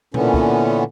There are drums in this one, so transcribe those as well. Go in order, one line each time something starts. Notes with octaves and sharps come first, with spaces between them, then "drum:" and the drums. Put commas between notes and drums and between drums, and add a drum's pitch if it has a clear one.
A#2 D3 E3 B3 C#4, drum: tom B2
drum: kick